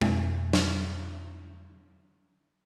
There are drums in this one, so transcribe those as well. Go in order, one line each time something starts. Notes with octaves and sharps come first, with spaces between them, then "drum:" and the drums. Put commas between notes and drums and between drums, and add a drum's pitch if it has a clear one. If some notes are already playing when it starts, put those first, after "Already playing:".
F2 B2 C4 D4, drum: tom G#3
drum: snare